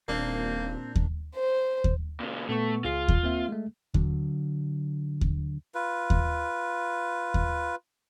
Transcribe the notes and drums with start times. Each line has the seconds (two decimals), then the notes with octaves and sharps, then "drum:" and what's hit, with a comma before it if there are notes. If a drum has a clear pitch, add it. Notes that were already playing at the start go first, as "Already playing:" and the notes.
0.08 D#1 A#2 A#3 C4 D4
0.96 drum: kick D#2
1.35 C5
1.84 drum: kick D#2
2.20 A#2 C#3
2.49 A#2 A3 B3 C#6
2.85 C#2 F4 G#4 C7
3.08 drum: kick D#2
3.23 A#3 C4 E5
3.49 G#3 A3
3.94 D3 F#3, drum: kick D#2
5.21 drum: kick D#2
5.75 F4 B4
6.10 drum: kick D#2
7.34 drum: kick D#2